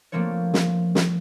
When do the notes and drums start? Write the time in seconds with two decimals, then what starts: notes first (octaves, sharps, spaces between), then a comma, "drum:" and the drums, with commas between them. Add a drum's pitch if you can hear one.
0.12 F3 A3 A#3 C4 D4 C#5
0.54 drum: snare
0.95 drum: snare